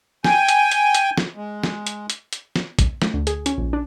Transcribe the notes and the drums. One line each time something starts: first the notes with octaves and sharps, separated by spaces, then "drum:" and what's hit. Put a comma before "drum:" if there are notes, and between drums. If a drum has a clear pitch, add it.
G5 G#5, drum: snare
drum: hi-hat
drum: hi-hat
drum: hi-hat
drum: snare
G#3
drum: snare
drum: hi-hat
drum: hi-hat
drum: hi-hat
drum: snare
drum: kick, hi-hat
A3, drum: snare
D2
G#4, drum: hi-hat
C#4, drum: hi-hat
A#1
D4